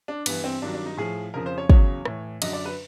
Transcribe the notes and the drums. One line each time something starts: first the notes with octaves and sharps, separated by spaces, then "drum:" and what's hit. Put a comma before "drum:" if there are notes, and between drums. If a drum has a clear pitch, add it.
D4
G2 E3 B3, drum: cymbal
C4
G2 D#3 F#3 D4
D4
D#4
A2 F3 G#4
F2 C#3 F3 A#4
C5
C#5
E2 C#3 F#3 C#5, drum: kick
A2 E3, drum: rim click
F#2 D3 F#3 D#5, drum: cymbal
D5
B4